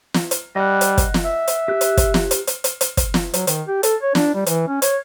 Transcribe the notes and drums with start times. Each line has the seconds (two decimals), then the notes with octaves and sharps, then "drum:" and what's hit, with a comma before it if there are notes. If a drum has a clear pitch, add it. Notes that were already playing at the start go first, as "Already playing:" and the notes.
0.14 drum: snare
0.31 drum: hi-hat
0.56 G3 D#5 F#5
0.81 drum: hi-hat
0.98 drum: kick, hi-hat
1.14 drum: snare
1.25 E5
1.48 drum: hi-hat
1.68 G4 F#6
1.81 drum: hi-hat
1.97 drum: kick, hi-hat
2.14 drum: snare
2.31 drum: hi-hat
2.47 drum: hi-hat
2.64 drum: hi-hat
2.81 drum: hi-hat
2.97 drum: kick, hi-hat
3.14 drum: snare
3.34 F#3, drum: hi-hat
3.47 D#3, drum: hi-hat
3.68 G4
3.83 A4, drum: hi-hat
4.02 C#5
4.15 D4, drum: snare
4.35 G3
4.46 E3, drum: hi-hat
4.68 C#4
4.82 C#5, drum: hi-hat